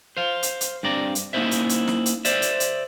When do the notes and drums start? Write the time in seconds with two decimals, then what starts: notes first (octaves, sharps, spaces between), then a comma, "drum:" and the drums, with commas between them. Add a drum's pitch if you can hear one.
0.17 C5 F5
0.43 drum: hi-hat
0.61 drum: hi-hat
0.83 G2 C4 D5 A#5
1.15 drum: hi-hat
1.33 A#3 C#4 D#4 E4 C5 E5
1.51 drum: hi-hat
1.69 drum: hi-hat
1.88 drum: snare
2.06 drum: hi-hat
2.25 C5 D5 E5, drum: hi-hat
2.42 drum: hi-hat
2.60 drum: hi-hat